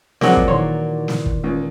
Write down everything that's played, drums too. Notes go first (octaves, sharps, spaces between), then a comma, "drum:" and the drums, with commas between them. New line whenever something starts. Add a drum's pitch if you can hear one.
F3 F#3 G#3 A#3 C4 D5, drum: snare
drum: kick
A#2 D#3 E3 C#5 C6
drum: snare
drum: kick
C#2